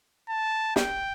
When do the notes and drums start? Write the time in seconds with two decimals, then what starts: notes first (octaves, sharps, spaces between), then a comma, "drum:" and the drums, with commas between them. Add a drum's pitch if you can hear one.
0.29 A5
0.76 G5, drum: snare